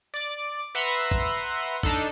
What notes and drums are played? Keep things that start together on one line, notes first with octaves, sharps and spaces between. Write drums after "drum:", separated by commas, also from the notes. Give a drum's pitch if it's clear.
D5 D6
B4 E5 F#5 A#5 C6
drum: kick
D4 D#4 A4, drum: kick